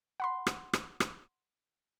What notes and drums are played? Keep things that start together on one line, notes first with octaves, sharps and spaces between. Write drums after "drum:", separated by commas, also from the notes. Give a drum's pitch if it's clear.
F#5 B5 C6
drum: rim click
drum: rim click
drum: rim click